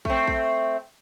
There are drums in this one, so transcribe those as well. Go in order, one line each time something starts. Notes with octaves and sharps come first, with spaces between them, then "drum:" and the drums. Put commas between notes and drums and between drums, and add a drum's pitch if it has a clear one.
A3 C4, drum: kick
drum: kick